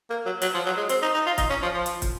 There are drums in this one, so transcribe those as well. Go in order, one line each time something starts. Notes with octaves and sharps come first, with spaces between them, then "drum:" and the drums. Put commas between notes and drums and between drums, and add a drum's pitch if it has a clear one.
A#3
F#3
F#3, drum: hi-hat
F3
F#3
G#3
C4, drum: hi-hat
D#4
D#4
F4
D#4, drum: kick, hi-hat
C#4
F3
F3
drum: hi-hat
drum: kick, hi-hat